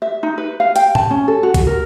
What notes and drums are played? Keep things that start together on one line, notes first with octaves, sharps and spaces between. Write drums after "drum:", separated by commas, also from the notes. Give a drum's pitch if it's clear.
E5
D#4
B4
F5
G5, drum: hi-hat
A5, drum: tom A2
C#4
A4
F#4
drum: kick B1, hi-hat
A#4